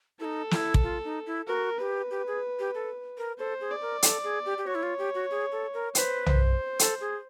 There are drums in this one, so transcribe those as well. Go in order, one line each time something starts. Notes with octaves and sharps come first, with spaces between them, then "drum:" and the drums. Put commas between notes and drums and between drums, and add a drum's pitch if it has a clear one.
D#4 E4 A4
F4, drum: snare
E4
drum: kick
F4
D#4
E4
F#4 A#4
G4 B4
G4
G#4
G4
A4
A#4
A4 C5
G#4
D5
A#4
A4, drum: hi-hat
G#4
G4
G4
F#4 C#5
E4
F4
G4
F#4
G#4
A4
A#4
B4 C5, drum: hi-hat
C5, drum: tom
A4, drum: hi-hat
G#4